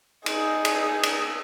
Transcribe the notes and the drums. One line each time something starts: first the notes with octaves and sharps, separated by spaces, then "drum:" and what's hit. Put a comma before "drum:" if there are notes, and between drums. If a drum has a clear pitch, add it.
D#4 G#4, drum: cymbal
drum: cymbal
drum: cymbal